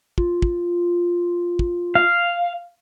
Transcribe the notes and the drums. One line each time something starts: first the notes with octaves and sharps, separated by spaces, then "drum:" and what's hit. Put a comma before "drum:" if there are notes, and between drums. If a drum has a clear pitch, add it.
F4, drum: kick
drum: kick
drum: kick
F5